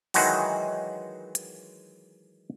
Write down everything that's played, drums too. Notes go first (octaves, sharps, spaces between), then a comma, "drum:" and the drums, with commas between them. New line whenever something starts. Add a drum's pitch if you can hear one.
D#3 E3 F#3 G#3 D#4 F#4, drum: open hi-hat
drum: hi-hat